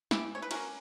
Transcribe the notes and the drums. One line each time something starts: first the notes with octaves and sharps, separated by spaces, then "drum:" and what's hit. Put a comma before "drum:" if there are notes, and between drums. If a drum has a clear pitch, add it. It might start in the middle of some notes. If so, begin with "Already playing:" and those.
E3 E4 G4, drum: snare
C#5
B4
A#3 C#4 F#4 A#4, drum: cymbal